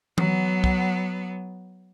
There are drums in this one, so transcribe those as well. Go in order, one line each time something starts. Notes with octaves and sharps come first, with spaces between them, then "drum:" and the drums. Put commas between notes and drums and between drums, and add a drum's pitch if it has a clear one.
F#3 B3, drum: tom E3
drum: kick